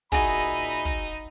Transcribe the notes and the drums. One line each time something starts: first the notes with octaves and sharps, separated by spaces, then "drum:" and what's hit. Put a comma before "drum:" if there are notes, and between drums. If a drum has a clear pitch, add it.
A#2 D#4 F#4 G#4 D#5 E5 B5, drum: kick, hi-hat
drum: hi-hat
drum: kick, hi-hat